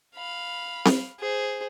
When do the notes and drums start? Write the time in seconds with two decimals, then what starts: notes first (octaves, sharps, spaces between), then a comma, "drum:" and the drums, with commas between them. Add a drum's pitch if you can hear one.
0.15 F5 B5
0.85 drum: snare C4
1.19 G#4 C5